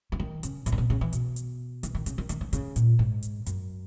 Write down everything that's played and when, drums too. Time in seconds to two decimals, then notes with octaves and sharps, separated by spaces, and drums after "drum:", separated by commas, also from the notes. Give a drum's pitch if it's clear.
0.12 E3
0.20 D#3
0.43 C#3, drum: hi-hat
0.66 B2, drum: hi-hat
0.72 A#2
0.78 B2
0.90 C#3
1.01 E3
1.13 B2, drum: hi-hat
1.36 drum: hi-hat
1.83 E3, drum: hi-hat
1.95 D#3
2.06 C#3, drum: hi-hat
2.18 D#3
2.29 D#3, drum: hi-hat
2.41 E3
2.53 C#3, drum: hi-hat
2.76 A#2, drum: hi-hat
2.99 G#2
3.23 drum: hi-hat
3.46 F#2, drum: hi-hat